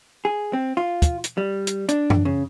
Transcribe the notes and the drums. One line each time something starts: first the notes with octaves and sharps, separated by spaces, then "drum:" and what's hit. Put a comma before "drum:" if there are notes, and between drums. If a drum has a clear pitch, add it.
G#4
C4
F4
drum: kick, hi-hat
drum: hi-hat
G3
drum: hi-hat
D4, drum: hi-hat
drum: tom F#2
C#3